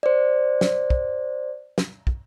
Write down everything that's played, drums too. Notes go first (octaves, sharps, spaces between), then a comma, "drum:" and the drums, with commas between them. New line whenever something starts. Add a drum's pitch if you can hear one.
C5 D5
drum: snare
drum: kick
drum: snare
drum: kick